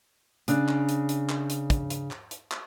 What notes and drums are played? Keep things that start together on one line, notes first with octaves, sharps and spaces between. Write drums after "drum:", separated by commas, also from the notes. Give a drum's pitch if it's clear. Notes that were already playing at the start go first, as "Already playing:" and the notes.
C#3 D4, drum: hi-hat
drum: clap
drum: hi-hat
drum: hi-hat
drum: clap
drum: hi-hat
drum: kick, hi-hat
drum: hi-hat
drum: clap
drum: hi-hat
drum: clap